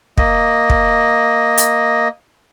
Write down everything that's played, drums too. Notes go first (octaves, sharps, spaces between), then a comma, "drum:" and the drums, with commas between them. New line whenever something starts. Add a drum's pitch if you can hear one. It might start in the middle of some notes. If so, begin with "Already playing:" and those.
A#3 D#5, drum: kick
drum: kick
drum: hi-hat